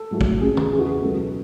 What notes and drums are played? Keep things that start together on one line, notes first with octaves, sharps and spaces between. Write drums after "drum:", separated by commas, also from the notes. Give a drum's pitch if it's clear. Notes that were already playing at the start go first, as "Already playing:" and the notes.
Already playing: A4
G#2 F#3 A3
drum: kick
C#2 C#3 G#3 G#4
G#4, drum: tom
E2 C#3 E3 G#4
F#4
G#4
C#2 B2 F#3 A4